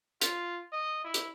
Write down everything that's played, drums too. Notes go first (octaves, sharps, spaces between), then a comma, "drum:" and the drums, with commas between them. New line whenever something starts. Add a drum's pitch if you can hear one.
F4, drum: hi-hat
D#5
E4
drum: hi-hat